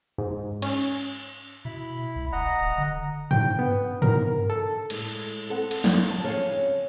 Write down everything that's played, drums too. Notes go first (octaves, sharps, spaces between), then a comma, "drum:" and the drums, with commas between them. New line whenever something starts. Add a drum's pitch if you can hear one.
G#2
C#4, drum: cymbal
B2 E4 B5
C2
E1 D#5 F#5 A#5
D#1
D3
G5, drum: tom G2
B3
A#4, drum: tom G2
A4
A2 G#3, drum: cymbal
B3 C4 A4 B4 F#5
drum: cymbal
D#3, drum: snare
D2 C5 A5
F2 C#3 G#4 C#5 F5 G#5